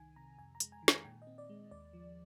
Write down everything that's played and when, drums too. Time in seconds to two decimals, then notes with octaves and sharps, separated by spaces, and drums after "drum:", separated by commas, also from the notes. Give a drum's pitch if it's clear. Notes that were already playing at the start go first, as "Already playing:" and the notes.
Already playing: C2 D#3 G#5
0.16 C3 A#5
0.38 F2 G#5
0.55 A#5
0.60 G#3, drum: hi-hat
0.72 G#5
0.83 D#3
0.88 G#5, drum: snare
1.05 A#2 G5
1.22 D#5
1.27 C4
1.38 D5
1.49 G#3
1.71 D#2 D5
1.93 F3